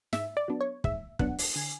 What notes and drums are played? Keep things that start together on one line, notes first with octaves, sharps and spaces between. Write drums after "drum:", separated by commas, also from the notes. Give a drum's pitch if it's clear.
G#2 E5, drum: snare
D5
F#3 B3 D4
C#5
G#2 E5, drum: kick
F#3 B3 D4 F#5, drum: kick
drum: open hi-hat
D3 G#5